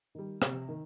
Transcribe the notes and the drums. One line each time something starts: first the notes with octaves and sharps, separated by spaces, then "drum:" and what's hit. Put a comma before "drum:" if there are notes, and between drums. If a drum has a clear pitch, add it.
D#3 G3
C3, drum: rim click
D#3